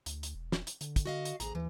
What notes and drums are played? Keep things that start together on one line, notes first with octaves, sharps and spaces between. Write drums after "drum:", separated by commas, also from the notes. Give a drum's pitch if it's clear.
D2, drum: hi-hat
drum: hi-hat
E1
drum: snare
drum: hi-hat
D3, drum: hi-hat
drum: kick, hi-hat
F#4 D#5 F5
drum: hi-hat
A1 D2 G#4 A#5, drum: hi-hat
D#2 E3